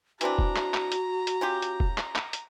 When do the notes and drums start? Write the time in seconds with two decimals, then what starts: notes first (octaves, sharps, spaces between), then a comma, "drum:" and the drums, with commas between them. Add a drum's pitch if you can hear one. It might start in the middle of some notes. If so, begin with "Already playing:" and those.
0.21 E3 C4 D4 F#4 A#5, drum: hi-hat
0.39 drum: kick E1
0.56 drum: clap
0.74 drum: clap
0.92 drum: hi-hat
1.27 drum: hi-hat
1.41 C#4 F4 G4
1.62 drum: hi-hat
1.80 drum: kick E1
1.98 drum: clap
2.16 drum: clap
2.33 drum: hi-hat